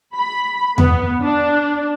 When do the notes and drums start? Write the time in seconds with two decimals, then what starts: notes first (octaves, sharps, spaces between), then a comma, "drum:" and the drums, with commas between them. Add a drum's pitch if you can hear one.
0.16 B5
0.78 B3, drum: tom E2
1.23 D4